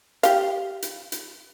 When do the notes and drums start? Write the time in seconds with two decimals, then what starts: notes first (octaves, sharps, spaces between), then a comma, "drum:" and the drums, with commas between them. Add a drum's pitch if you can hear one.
0.23 G4 F5, drum: hi-hat
0.82 drum: hi-hat
1.12 drum: hi-hat